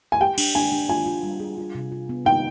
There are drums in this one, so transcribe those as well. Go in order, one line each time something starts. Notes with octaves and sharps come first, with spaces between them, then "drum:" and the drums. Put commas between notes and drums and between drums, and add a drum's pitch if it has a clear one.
G#5
G4 G5
D4, drum: cymbal
D4 G#5
D4
F4 G#5
F4
G3
G#4
F4
C3
F4
B3
D#4 G5